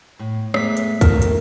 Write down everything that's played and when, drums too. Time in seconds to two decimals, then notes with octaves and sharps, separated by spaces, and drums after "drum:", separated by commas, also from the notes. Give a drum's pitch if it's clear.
0.19 A2
0.54 F2 G#3 A3 B3 B6, drum: rim click
0.77 drum: hi-hat
1.01 D#3 A3 A#3 A#4, drum: kick, hi-hat
1.22 drum: hi-hat